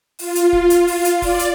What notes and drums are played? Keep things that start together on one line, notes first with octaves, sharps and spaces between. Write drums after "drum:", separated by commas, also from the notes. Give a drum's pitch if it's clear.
F4, drum: open hi-hat
drum: hi-hat
drum: kick
drum: hi-hat
drum: open hi-hat
drum: hi-hat
D5, drum: kick, open hi-hat
drum: hi-hat